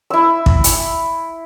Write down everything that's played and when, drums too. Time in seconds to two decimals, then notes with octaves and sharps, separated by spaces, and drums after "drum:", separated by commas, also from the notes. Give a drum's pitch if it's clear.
0.10 E4 E6
0.46 drum: kick
0.64 drum: hi-hat